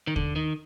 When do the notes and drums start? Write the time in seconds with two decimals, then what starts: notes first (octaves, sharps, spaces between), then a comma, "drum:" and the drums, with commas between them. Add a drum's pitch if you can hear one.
0.07 D#3
0.16 D3, drum: kick D#2
0.36 D#3